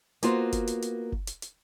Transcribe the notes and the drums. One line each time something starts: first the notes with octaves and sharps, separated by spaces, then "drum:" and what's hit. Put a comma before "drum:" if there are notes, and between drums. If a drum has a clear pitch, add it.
A#3 B3 F4 F#4 C5, drum: hi-hat
drum: kick F#1, hi-hat
drum: hi-hat
drum: hi-hat
drum: kick F#1
drum: hi-hat
drum: hi-hat